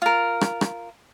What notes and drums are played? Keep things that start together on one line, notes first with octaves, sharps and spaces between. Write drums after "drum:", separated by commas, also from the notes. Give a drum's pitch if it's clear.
F4 A#4
drum: rim click
drum: rim click